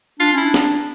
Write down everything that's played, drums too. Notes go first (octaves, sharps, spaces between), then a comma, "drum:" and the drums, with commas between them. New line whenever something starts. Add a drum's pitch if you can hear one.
D4 F4
C#4 E4
D4
drum: snare